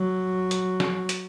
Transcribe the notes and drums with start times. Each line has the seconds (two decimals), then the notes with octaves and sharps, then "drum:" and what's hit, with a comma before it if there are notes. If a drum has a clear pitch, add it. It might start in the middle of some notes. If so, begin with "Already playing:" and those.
Already playing: F#3
0.51 drum: hi-hat
0.80 drum: snare F3
1.09 drum: hi-hat